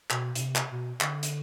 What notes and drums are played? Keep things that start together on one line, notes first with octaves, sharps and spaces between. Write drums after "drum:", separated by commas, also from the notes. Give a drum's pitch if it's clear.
B2, drum: clap
B2, drum: hi-hat
C3
drum: clap
B2
D3, drum: clap
drum: hi-hat